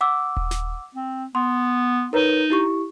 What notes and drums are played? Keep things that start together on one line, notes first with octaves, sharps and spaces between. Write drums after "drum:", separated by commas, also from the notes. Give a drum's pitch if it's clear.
F#5 D6 E6
drum: kick D#1
drum: snare
C4
B3 C6
D#4 A#4 B4 C#5
E4 G4 C#6